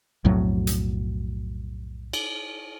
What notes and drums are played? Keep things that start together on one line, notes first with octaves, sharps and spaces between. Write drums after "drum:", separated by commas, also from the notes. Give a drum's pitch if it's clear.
B1 F2 A2 F#3
drum: hi-hat
drum: cymbal